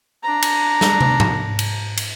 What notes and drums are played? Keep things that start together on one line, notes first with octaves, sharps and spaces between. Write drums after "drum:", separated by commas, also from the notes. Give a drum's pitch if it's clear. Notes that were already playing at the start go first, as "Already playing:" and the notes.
D4 A#5
drum: cymbal
drum: snare
drum: tom
drum: tom G#2
drum: cymbal
drum: cymbal